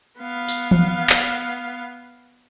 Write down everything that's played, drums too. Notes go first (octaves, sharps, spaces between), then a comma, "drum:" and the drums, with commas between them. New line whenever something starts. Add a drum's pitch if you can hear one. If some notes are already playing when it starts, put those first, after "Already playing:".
B3 F5
drum: tambourine
drum: tom E3
drum: clap